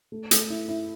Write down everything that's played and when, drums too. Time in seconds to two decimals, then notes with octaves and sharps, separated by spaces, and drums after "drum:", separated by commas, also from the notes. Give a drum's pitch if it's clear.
0.12 A3
0.31 A3, drum: hi-hat
0.50 E4
0.68 E4